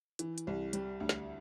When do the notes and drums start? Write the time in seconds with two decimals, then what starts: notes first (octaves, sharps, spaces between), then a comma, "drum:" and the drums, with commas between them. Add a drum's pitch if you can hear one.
0.19 E3, drum: hi-hat
0.38 drum: hi-hat
0.47 C2
0.73 G3, drum: hi-hat
1.00 D2
1.09 drum: snare